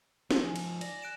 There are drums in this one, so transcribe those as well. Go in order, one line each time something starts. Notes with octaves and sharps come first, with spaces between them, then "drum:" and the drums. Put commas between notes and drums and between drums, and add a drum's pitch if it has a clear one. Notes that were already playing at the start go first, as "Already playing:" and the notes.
G#3, drum: snare
F3 D#4 G#5
drum: cymbal
D5 A#6, drum: cymbal
F#6 D7 E7